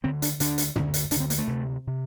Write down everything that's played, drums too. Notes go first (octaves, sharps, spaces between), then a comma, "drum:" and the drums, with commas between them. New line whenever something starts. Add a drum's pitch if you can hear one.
D2 D3 C4
D4, drum: hi-hat
D2 D3 D4, drum: hi-hat
drum: hi-hat
D2 D3, drum: tom
drum: hi-hat
D2 D4, drum: hi-hat
D3 C4
A#3, drum: hi-hat
A3
D2 C3
C3